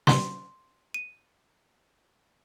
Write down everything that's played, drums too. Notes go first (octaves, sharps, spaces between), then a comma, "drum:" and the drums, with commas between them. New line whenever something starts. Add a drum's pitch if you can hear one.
C6, drum: snare
D#7